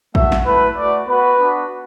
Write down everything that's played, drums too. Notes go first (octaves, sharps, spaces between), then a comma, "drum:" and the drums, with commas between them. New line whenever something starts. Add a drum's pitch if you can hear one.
A3 F#4 E5, drum: kick
drum: snare
A3 E4 B4
A3 F#4 D5
B3 F#4 B4
B3 D4 F#4